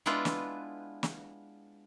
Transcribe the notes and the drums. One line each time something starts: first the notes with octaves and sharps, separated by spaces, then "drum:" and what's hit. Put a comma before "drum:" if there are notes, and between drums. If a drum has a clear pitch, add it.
G#3 B3 D4 E4 F4 B4
drum: snare
drum: snare